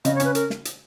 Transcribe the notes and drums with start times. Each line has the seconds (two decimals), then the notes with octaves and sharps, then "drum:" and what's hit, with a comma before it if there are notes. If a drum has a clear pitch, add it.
0.05 C#3 D#5, drum: hi-hat
0.15 C#5
0.20 C#4 B4, drum: hi-hat
0.35 A#4, drum: hi-hat
0.50 drum: snare
0.65 drum: hi-hat